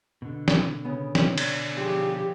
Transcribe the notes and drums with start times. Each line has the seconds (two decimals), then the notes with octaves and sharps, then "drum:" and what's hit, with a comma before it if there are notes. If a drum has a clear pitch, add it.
0.22 B2 D3
0.48 drum: snare
0.84 C#3 B3
1.15 drum: snare
1.38 D5, drum: cymbal
1.77 F3 G4 G#4